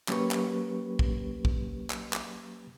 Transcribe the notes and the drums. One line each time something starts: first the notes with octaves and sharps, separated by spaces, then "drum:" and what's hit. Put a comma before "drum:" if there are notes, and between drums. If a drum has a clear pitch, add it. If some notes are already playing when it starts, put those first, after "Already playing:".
F#3 A#3 C#4 G4 B4 C#6, drum: clap
drum: clap
drum: kick
drum: kick
drum: clap
drum: clap